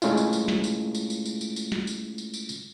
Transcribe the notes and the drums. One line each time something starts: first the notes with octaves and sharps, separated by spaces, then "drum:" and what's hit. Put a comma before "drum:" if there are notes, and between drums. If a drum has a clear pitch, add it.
G#3 A3 C#4 E4 F4, drum: tambourine
drum: tambourine
drum: tambourine
drum: snare
drum: tambourine
drum: tambourine
drum: tambourine
drum: tambourine
drum: tambourine
drum: tambourine
drum: snare
drum: tambourine
drum: tambourine
drum: tambourine
drum: tambourine